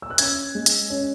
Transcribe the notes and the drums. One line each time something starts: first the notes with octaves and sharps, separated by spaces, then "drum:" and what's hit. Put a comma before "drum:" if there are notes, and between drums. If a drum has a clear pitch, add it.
E6
F#6
C#4 E6 G#6, drum: hi-hat
G#3
drum: hi-hat
C#4